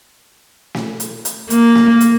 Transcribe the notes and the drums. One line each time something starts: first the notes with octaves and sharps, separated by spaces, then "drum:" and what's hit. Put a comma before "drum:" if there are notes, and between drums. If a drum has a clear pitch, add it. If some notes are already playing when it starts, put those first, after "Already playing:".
drum: snare
drum: hi-hat
drum: hi-hat
A#3, drum: hi-hat
drum: snare
drum: hi-hat